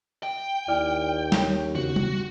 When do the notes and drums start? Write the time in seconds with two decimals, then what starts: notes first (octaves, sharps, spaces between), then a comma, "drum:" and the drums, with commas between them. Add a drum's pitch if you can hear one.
0.23 G5
0.68 D#2 E4 D5 F6
1.32 C#5 G6, drum: snare
1.75 E2 C#3 F#4
1.96 drum: tom